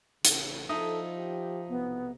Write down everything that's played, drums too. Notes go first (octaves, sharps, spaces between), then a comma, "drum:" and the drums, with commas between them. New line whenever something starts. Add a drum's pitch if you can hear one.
A1 C#3, drum: hi-hat
F3 D#4 E4 A4 D#5
G4
B1 C3 B3